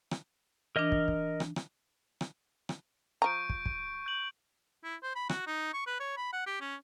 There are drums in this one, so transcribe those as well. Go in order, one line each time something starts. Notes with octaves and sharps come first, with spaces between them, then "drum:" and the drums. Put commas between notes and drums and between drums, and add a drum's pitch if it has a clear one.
drum: rim click
E3 D4 A#4 D#5 F6
drum: kick
drum: kick
drum: rim click
drum: rim click
drum: rim click
drum: rim click
F3 A#5 C#6 G6 D7
drum: kick
drum: kick
G6 F#7
E4
C5
B5
F#4, drum: rim click
D#4
C#6
B4
C#5
B5
F#5
G4
C#4